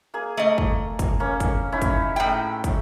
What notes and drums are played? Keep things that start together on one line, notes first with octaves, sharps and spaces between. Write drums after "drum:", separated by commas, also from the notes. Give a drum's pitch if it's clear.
A#3 G#4
A3 D#5
drum: kick
drum: kick, hi-hat
A#3 C#4
drum: kick, hi-hat
C#4 D#4 E4
drum: kick, hi-hat
A2 G5
drum: kick, hi-hat